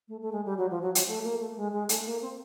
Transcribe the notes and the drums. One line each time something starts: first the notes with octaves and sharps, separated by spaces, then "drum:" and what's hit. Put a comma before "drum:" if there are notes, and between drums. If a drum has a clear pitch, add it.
A3
A3
G#3
G3
F#3
F3
F#3
F#3, drum: hi-hat
A3
A#3
A3
G#3
G#3
A3, drum: hi-hat
A#3
C4